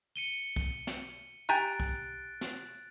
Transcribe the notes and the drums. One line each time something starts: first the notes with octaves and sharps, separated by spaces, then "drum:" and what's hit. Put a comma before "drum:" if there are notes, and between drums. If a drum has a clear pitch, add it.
C#7 D#7 G7
drum: kick B1
drum: snare
G4 G#5 A#5 F#6 A6 D7
drum: kick B1
drum: snare